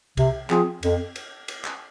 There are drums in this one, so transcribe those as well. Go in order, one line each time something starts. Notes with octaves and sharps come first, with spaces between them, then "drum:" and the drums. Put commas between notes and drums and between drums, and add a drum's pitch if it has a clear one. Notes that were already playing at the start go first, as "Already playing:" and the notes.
C3, drum: kick C2, cymbal
F3 C4 F4 G#4, drum: clap
F2, drum: cymbal
drum: cymbal
drum: cymbal
drum: clap